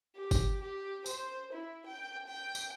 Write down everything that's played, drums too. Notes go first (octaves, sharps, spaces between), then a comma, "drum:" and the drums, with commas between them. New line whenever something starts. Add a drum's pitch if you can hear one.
G4
drum: kick G1, tambourine
G4
C5, drum: tambourine
E4
G5
G5
drum: tambourine